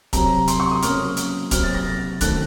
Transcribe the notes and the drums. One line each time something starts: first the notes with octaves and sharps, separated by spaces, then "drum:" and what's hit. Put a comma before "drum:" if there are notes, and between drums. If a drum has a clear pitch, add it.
C3 F#3 C4 A#5, drum: kick, hi-hat
C6, drum: hi-hat
C#6
D#6
C#3 F#3 A#3 C#4 F6, drum: hi-hat
drum: hi-hat
C3 F#3 C4 F6, drum: kick, hi-hat
A6
A#6
A6
D#3 A3 C4 F#6, drum: kick, hi-hat